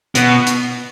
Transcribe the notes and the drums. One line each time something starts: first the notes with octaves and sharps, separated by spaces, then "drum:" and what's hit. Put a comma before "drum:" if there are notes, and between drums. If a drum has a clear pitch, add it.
B2, drum: hi-hat
drum: hi-hat